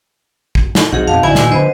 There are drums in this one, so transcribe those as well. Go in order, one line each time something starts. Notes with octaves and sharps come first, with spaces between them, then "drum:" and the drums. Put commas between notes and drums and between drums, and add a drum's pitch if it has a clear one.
drum: kick
drum: snare
B1 C3 F3 D#4 F#4 G#4 F#5
F2 B2 F5 A5
A1 D2 F3 E4 G#5
A#2 D#3 E3, drum: snare
D3 F3 G3 B3 C5 D#5